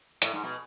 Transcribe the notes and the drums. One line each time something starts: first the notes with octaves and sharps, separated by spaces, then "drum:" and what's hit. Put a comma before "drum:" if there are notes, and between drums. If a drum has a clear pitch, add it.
A2, drum: hi-hat
G#2
B2